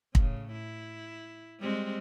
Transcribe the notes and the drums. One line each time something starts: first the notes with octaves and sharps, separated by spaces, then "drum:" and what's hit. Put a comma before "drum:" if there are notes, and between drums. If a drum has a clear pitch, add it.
A2 C#3, drum: kick
E4
G3 G#3 C4